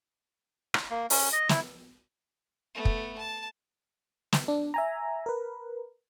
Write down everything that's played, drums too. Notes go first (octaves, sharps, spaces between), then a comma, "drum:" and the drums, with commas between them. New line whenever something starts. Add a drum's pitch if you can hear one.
drum: rim click
A#3
C#4, drum: open hi-hat
D#5
E4, drum: snare
A3 B3
drum: kick
A5
drum: snare
D4
E5 G#5 A#5
A#4 B4